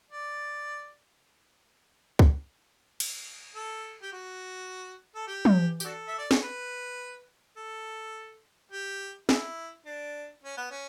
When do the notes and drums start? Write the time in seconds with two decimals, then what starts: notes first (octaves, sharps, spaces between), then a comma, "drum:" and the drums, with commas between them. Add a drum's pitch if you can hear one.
0.11 D5
2.19 drum: kick C2
3.00 drum: cymbal
3.55 A4
4.02 G4
4.13 F#4
5.15 A4
5.27 G4
5.45 drum: tom
5.80 G4, drum: tambourine
5.84 D4 F#4 A4
6.08 E5
6.18 D5
6.31 C#5, drum: snare
6.42 B4
7.57 A4
8.71 G4
9.29 E4, drum: snare
9.86 D4
10.44 C#4
10.57 B3
10.71 C#4